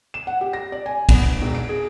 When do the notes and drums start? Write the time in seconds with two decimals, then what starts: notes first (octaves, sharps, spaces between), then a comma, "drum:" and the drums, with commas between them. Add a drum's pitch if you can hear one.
0.14 E7
0.27 F#5
0.41 G4
0.53 A#6
0.72 D5
0.86 G#5
1.09 B3, drum: kick, cymbal
1.23 D7
1.42 E1
1.55 D7
1.69 G#4